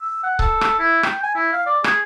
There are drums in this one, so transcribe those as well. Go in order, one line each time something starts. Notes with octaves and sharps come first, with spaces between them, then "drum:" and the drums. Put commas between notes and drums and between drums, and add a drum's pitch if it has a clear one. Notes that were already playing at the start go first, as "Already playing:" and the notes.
E6
F#5
A4, drum: kick C#1
drum: rim click
E4
G5, drum: rim click
G#5
E4
F5
D5
G#4, drum: rim click